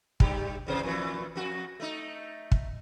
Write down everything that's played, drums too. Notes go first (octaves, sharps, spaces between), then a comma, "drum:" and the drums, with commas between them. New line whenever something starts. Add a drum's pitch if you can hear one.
G2 G3 G4, drum: kick
E2 C3 C5
F2 A#2 E3
F2 F#4
A3 D#4
drum: kick